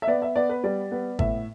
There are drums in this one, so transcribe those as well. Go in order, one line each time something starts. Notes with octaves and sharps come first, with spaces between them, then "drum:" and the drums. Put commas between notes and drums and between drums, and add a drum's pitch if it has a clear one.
E5
B3 D5
E5
B3 D5
B4
G3 D5
B3
A2 E5, drum: kick G#1